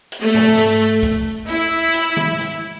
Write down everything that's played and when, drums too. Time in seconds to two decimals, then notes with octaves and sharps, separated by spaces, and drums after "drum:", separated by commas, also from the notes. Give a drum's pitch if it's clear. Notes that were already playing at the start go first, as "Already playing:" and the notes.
0.12 drum: hi-hat
0.23 A3
0.35 drum: tom
0.57 drum: hi-hat
1.03 drum: kick, hi-hat
1.48 E4, drum: hi-hat
1.94 drum: hi-hat
2.17 drum: tom D#3
2.39 drum: hi-hat